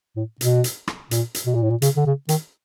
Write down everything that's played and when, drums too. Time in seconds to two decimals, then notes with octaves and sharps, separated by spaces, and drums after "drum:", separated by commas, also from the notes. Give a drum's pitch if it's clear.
0.16 A2
0.41 B2, drum: hi-hat
0.64 drum: hi-hat
0.87 drum: rim click
1.11 A#2, drum: hi-hat
1.35 drum: hi-hat
1.46 B2
1.55 A#2
1.63 A2
1.71 A#2
1.82 C#3, drum: hi-hat
1.97 D3
2.06 C#3
2.29 D#3, drum: hi-hat